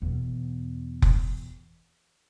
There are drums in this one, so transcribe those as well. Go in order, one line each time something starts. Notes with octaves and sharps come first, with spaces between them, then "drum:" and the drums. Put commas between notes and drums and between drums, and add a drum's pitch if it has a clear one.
E2 B2
drum: kick F1